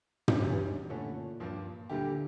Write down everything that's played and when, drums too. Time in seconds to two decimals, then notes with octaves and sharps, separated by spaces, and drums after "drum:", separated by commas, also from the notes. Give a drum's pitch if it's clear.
0.28 drum: tom
0.40 E1 E2 G2 E3 G3 C#4
0.89 A#2 D3 A3 C#4 E4 A4
1.40 G2 F3 A#3 D4
1.89 A#2 D3 G3 A#3 E4 G4